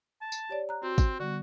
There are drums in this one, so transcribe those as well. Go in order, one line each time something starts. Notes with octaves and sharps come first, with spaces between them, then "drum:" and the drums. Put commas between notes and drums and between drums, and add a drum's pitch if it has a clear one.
A5
drum: tambourine
G4 C#5 D5
A#5 F#6
C4 F#4
drum: kick, tambourine
D3 G3 B3 F#4